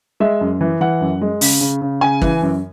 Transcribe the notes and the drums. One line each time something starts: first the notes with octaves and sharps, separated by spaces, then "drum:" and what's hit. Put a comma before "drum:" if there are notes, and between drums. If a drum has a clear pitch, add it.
G#3 E5
F#2
E3
E3 F#5
F#2
G#3
C#3, drum: open hi-hat
C#3
C#3
C#3 G#5
E3, drum: kick G#1
F#2